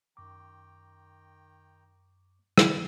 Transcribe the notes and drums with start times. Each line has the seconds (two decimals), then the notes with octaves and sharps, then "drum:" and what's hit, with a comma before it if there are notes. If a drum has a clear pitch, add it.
0.17 F#2 D#3 G5 A#5 C#6 D6
2.58 drum: rim click